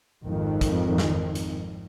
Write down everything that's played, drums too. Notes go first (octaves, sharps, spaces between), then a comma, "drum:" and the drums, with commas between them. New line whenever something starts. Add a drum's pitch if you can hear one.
G#1 F2 D#3
drum: kick, hi-hat
drum: snare
drum: hi-hat